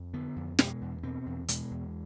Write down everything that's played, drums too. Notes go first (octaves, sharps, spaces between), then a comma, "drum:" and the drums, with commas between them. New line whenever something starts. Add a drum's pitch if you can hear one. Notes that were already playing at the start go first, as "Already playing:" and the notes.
Already playing: F2
D3 B3
F2
B2 G#3, drum: snare
E2
B2 C4
E2
B2 G#3, drum: hi-hat
E2